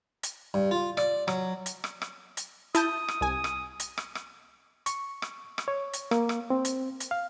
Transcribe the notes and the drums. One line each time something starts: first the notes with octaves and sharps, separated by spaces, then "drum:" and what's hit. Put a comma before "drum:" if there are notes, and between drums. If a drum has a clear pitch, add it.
drum: hi-hat
G2
F4
D5, drum: rim click
F#3, drum: rim click
drum: hi-hat
drum: rim click
drum: rim click
drum: hi-hat
E4 A5 D#6 G6, drum: hi-hat
drum: rim click
C2 G#5
drum: rim click
drum: hi-hat
drum: rim click
drum: rim click
C#6, drum: hi-hat
drum: rim click
drum: rim click
C#5
drum: hi-hat
A#3, drum: rim click
drum: rim click
C4
drum: hi-hat
drum: hi-hat
F5